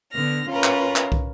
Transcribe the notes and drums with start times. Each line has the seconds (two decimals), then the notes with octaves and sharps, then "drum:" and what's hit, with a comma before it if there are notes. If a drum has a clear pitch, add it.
0.12 D3 B3 F6 A#6
0.48 C#4 F4 A#4 B4
0.64 drum: clap
0.96 drum: clap
1.12 drum: kick